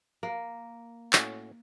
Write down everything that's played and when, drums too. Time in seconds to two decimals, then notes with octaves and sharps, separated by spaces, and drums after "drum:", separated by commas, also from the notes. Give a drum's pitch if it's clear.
0.23 A#3
1.13 A2 C#4 F#4, drum: clap